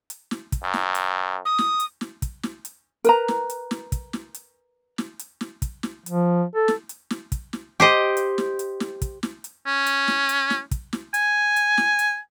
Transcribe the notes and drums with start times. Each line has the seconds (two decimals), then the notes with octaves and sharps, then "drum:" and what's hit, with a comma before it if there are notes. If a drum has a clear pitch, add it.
0.10 drum: hi-hat
0.31 drum: snare
0.52 drum: kick, hi-hat
0.63 F#2
0.74 drum: snare
0.95 drum: hi-hat
1.45 D#6
1.58 drum: snare
1.80 drum: hi-hat
2.01 drum: snare
2.22 drum: kick, hi-hat
2.43 drum: snare
2.65 drum: hi-hat
3.04 A#4 B4 A#5, drum: hi-hat
3.28 drum: snare
3.50 drum: hi-hat
3.71 drum: snare
3.92 drum: kick, hi-hat
4.13 drum: snare
4.34 drum: hi-hat
4.98 drum: snare
5.19 drum: hi-hat
5.41 drum: snare
5.62 drum: kick, hi-hat
5.83 drum: snare
6.06 F3, drum: hi-hat
6.55 A4
6.68 drum: snare
6.89 drum: hi-hat
7.10 drum: snare
7.32 drum: kick, hi-hat
7.53 drum: snare
7.80 G4 C5 D#5
8.17 drum: hi-hat
8.38 drum: snare
8.59 drum: hi-hat
8.80 drum: snare
9.02 drum: kick, hi-hat
9.23 drum: snare
9.44 drum: hi-hat
9.66 C#4
9.86 drum: hi-hat
10.08 drum: snare
10.29 drum: hi-hat
10.50 drum: snare
10.71 drum: kick, hi-hat
10.93 drum: snare
11.14 G#5, drum: hi-hat
11.56 drum: hi-hat
11.78 drum: snare
11.99 drum: hi-hat